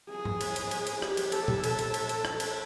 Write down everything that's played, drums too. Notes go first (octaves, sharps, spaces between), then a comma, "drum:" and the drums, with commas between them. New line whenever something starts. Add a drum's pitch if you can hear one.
G#4
drum: tom G#2
drum: cymbal
drum: cymbal
drum: cymbal
drum: cymbal
G4, drum: rim click
drum: cymbal
A4, drum: cymbal
drum: tom A#2
A4, drum: cymbal
drum: cymbal
drum: cymbal
drum: cymbal
drum: rim click
drum: cymbal